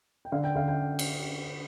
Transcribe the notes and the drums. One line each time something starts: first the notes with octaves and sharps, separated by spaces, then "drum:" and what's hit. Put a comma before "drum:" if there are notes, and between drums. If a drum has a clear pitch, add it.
G5
D3 F5
G5
D3 F5
G5
drum: cymbal